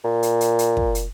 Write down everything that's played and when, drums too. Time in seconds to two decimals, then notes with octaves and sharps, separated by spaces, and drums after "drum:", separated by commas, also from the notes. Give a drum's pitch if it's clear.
0.05 A#2
0.23 drum: hi-hat
0.41 drum: hi-hat
0.59 drum: hi-hat
0.77 drum: kick
0.95 drum: hi-hat